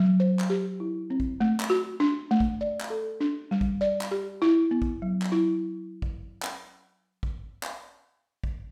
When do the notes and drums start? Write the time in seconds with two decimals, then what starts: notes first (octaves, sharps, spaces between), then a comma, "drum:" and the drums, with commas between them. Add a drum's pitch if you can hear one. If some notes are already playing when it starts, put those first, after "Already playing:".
Already playing: F#3
0.20 C5
0.39 drum: clap
0.50 G4
0.80 E4
1.10 C4
1.20 drum: kick
1.40 A3
1.60 drum: clap
1.70 F#4
2.00 D4
2.31 A3
2.40 drum: kick
2.61 D5
2.81 drum: clap
2.90 A4
3.21 D4
3.51 G3
3.61 drum: kick
3.81 D5
4.01 drum: clap
4.11 G4
4.42 E4
4.71 B3
4.82 drum: kick
5.02 F#3
5.22 drum: clap
5.32 E4
6.02 drum: kick
6.43 drum: clap
7.23 drum: kick
7.63 drum: clap
8.44 drum: kick